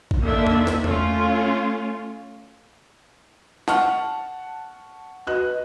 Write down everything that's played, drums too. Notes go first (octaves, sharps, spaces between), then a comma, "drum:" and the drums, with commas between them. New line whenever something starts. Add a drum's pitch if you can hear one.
drum: kick A1
D3 D#3 A#3 D4 E5
drum: tom E2
drum: snare
A3 C#4 F4, drum: tom E2
F#5 A5 C#6 F6, drum: snare
F#4 B4 D#5 F#6